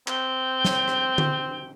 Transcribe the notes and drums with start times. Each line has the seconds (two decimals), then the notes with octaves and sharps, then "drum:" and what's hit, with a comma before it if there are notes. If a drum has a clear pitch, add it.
0.08 C4 G5, drum: clap
0.65 drum: snare
0.88 drum: rim click
1.18 drum: tom D3